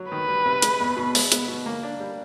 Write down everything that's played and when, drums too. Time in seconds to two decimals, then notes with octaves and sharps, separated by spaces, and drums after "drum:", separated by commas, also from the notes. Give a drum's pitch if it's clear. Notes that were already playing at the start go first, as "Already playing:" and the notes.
Already playing: F#3
0.11 D#3 B4
0.28 G3
0.45 C3
0.62 G#3, drum: hi-hat
0.80 E2
0.97 B2
1.15 G#3, drum: open hi-hat
1.32 B3, drum: hi-hat
1.48 B2
1.66 A#3
1.83 D4
2.00 G3